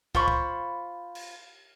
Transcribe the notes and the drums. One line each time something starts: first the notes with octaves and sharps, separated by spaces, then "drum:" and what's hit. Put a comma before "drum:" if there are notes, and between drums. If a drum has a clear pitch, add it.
F4 C5 B5 C#6, drum: kick
drum: kick
drum: cymbal